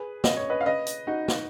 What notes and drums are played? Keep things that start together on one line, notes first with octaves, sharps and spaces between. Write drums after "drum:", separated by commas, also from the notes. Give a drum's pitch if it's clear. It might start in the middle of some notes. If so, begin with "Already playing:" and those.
Already playing: G#4 B4
D#5, drum: snare
C#5
B4 D#5
F5
B4 D#5
drum: hi-hat
D#4 F#4
drum: snare